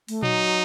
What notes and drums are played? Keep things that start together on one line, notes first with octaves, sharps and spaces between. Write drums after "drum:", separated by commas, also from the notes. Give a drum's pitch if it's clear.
A3, drum: open hi-hat
F#3 D#4, drum: tom A#2